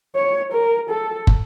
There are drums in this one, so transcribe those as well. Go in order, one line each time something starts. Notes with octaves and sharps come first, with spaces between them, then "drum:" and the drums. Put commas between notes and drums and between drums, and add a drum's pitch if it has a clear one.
C#5
A#4
A4
drum: kick